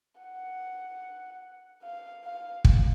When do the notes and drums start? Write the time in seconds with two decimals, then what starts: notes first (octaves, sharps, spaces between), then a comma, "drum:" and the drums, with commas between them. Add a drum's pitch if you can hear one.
0.21 F#5
1.83 F5
2.24 F5
2.65 drum: kick